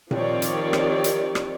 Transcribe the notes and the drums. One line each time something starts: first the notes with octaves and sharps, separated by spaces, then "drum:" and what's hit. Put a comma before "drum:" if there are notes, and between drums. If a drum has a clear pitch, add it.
D#3 F3 C4 G4 C#5 D5, drum: tom A#2
drum: hi-hat
drum: rim click
drum: hi-hat
drum: rim click